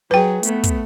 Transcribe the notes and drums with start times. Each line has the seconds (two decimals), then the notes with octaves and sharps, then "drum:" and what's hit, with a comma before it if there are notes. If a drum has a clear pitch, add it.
0.11 F#3 G#4 B4 G5
0.43 A3 B3, drum: hi-hat
0.63 drum: kick, hi-hat